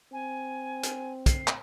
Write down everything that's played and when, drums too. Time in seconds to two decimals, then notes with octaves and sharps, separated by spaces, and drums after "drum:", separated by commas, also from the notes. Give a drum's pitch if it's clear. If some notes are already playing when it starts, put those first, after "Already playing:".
0.13 C4 G#5
0.83 drum: hi-hat
1.26 C7, drum: kick, hi-hat
1.48 drum: clap